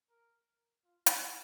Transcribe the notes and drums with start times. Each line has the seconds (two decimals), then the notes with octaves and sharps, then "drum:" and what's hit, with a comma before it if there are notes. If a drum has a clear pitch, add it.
0.11 A#4
0.84 F4
1.06 drum: hi-hat